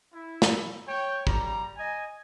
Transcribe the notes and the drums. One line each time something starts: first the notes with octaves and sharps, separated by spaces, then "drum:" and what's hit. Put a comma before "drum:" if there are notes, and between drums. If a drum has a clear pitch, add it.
E4
drum: snare
C#5 G5
G3 A#5, drum: kick
D#5 G#5